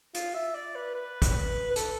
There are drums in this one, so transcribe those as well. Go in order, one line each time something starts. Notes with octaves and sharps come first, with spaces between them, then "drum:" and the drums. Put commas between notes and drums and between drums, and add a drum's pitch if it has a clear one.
F4, drum: hi-hat
E5
D5
B4
B4
drum: kick, hi-hat
B4
A4, drum: hi-hat